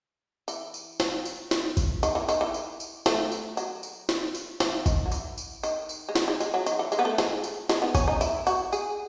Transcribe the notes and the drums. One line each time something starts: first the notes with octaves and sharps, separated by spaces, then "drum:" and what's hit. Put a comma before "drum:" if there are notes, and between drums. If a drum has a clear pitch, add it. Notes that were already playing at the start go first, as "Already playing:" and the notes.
E3, drum: tambourine
drum: tambourine
drum: snare
drum: tambourine
drum: snare
drum: kick G#1, tambourine
D#3, drum: tambourine
E3
D#3, drum: tambourine
E3
drum: tambourine
drum: tambourine
A3, drum: snare
drum: tambourine
F#3, drum: tambourine
drum: tambourine
drum: snare
drum: tambourine
E3, drum: snare
D#3, drum: kick G#1, tambourine
F#3
E3, drum: tambourine
drum: tambourine
D#3, drum: tambourine
drum: tambourine
G#3
F#3, drum: snare
G#3
G#3, drum: tambourine
F#3
D#3, drum: tambourine
E3
G#3, drum: tambourine
B3
A3
G#3, drum: snare
drum: tambourine
G#3, drum: snare
B3
C#4, drum: kick G#1, tambourine
D#4
E4, drum: tambourine
F#4, drum: tambourine
G#4, drum: tambourine